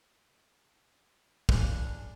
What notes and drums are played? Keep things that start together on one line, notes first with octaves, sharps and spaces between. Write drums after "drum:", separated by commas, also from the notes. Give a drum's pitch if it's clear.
C#3 E3 D4, drum: kick